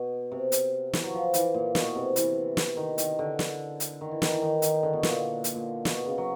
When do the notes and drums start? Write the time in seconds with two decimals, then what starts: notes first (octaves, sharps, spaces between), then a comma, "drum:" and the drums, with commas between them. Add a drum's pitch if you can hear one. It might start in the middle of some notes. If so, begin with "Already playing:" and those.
Already playing: B2
0.32 C3
0.52 drum: hi-hat
0.93 E3, drum: snare
1.03 F#3
1.14 F3
1.34 E3, drum: hi-hat
1.54 A#2
1.75 B2, drum: snare
1.96 C3
2.16 E3, drum: hi-hat
2.57 drum: snare
2.77 D#3
2.98 D#3, drum: hi-hat
3.19 D3
3.39 drum: snare
3.80 drum: hi-hat
4.01 D#3
4.11 E3
4.22 D#3, drum: snare
4.32 E3
4.42 D#3
4.62 D#3, drum: hi-hat
4.83 D3
4.93 B2
5.03 A#2, drum: snare
5.44 drum: hi-hat
5.55 A#2
5.85 B2, drum: snare
6.06 C#3
6.18 F#3